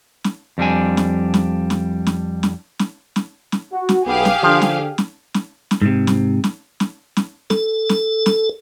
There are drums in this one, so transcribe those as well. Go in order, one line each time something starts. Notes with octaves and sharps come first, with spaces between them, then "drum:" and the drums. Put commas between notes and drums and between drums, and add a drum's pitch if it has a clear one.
drum: snare
F2 G3 D4 G#5
drum: snare
drum: snare
drum: snare
drum: snare
drum: snare
drum: snare
drum: snare
drum: snare
F#4
drum: snare
B1 B3 G4 G#4 F5
drum: snare
D3 F3
drum: snare
drum: snare
drum: snare
drum: snare
G#2 C3
drum: snare
drum: snare
drum: snare
drum: snare
A4, drum: snare
drum: snare
drum: snare